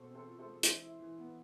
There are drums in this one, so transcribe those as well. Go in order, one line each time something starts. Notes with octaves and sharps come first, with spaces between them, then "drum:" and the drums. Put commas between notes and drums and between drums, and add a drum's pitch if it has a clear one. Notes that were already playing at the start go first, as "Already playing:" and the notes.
Already playing: B2 A4 C5
C4
A4 C5
F4
A4 C5
G#3
E3 C5 E5, drum: hi-hat
E4
E3
B3